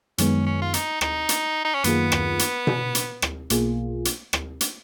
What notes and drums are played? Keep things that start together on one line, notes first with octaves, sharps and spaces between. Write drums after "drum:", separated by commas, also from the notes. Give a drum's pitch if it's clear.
F#2 D#3 G#3 B3 C#4, drum: hi-hat
C#4
F4
D#4, drum: hi-hat
D#4, drum: rim click
drum: hi-hat
D#4
C#4
F#2 D#3 A#3 B3 F4 G#4, drum: hi-hat
drum: rim click
drum: hi-hat
drum: tom B2
drum: hi-hat
drum: rim click
B1 B2 A#3 F4 G#4, drum: hi-hat
drum: hi-hat
drum: rim click
drum: hi-hat